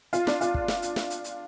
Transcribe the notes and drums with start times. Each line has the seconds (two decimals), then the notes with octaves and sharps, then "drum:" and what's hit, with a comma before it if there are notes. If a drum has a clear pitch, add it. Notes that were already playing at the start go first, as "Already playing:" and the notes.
0.13 F4, drum: hi-hat
0.27 D4, drum: snare
0.41 F4, drum: hi-hat
0.54 drum: kick
0.68 drum: snare
0.82 drum: hi-hat
0.96 drum: snare
1.10 drum: hi-hat
1.24 drum: hi-hat